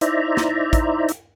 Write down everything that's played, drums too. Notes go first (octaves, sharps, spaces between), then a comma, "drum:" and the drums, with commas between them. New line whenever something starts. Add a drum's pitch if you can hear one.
D#4 E4 C5 D5 E5 A#5, drum: hi-hat
drum: snare
drum: kick, hi-hat
drum: hi-hat